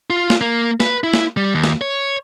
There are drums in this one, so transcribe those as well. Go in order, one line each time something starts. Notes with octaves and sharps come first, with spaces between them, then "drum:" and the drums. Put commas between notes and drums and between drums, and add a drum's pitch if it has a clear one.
F4
drum: snare
A#3
B4, drum: snare
E4
drum: snare
G3
D#2
drum: snare
C#5